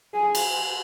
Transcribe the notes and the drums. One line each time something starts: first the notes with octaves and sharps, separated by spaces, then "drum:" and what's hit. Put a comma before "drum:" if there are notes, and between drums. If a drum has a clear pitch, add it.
G#4
drum: cymbal